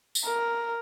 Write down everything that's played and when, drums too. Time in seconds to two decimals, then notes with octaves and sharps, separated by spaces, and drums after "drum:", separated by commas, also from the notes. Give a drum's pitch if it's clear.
0.15 drum: tambourine
0.24 A#4